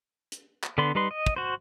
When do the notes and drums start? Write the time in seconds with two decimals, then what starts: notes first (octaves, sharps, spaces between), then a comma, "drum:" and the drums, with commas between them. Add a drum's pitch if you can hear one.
0.32 drum: hi-hat
0.64 drum: clap
0.78 D3 B3 D4 B4 C6
0.95 G3 D#4 B4 C6
1.11 D#5
1.26 drum: kick
1.36 F#4 C5